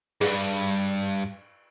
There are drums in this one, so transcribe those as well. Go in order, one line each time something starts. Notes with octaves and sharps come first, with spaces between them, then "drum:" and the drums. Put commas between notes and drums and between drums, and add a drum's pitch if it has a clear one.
G2 G#4, drum: cymbal